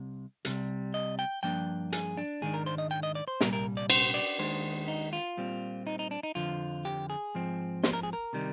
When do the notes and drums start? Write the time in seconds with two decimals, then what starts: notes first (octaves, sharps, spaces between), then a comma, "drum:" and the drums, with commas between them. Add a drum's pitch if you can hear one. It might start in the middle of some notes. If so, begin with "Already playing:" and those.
Already playing: C2 C3
0.45 C2 C3 G3, drum: hi-hat
0.94 D#5
1.19 G5
1.43 G2 F3 A#3 D4 G5
1.93 G#4, drum: hi-hat
2.17 D4
2.41 G#2 D#3 G#3 D4 G#4
2.54 A#4
2.66 C5
2.78 D#5
2.91 G5
3.03 D#5
3.15 D5
3.28 C5
3.41 C2 A#2 G3 A#4, drum: snare
3.53 A#4
3.77 D5
3.90 C5, drum: cymbal
4.14 D5
4.39 D#2 D#3 G#3 D4 C5
4.88 D#4
5.13 F4
5.37 A#2 G3 C4
5.87 D#4
5.99 D#4
6.11 D4
6.23 D#4
6.35 F2 D3 F3 F4
6.85 G4
7.10 G#4
7.35 G#2 F3 C4
7.83 C5, drum: snare
7.93 A#4
8.03 G#4
8.13 A#4
8.33 C3 D#3 G3